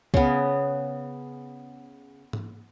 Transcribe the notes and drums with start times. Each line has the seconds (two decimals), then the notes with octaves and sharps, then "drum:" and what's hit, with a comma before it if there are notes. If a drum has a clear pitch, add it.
0.14 C#3 B3, drum: kick C2
2.33 drum: tom G#2